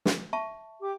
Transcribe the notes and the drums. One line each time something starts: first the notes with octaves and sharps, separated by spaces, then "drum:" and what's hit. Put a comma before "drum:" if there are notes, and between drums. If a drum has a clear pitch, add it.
drum: snare
E5 A5 C#6
G4 D6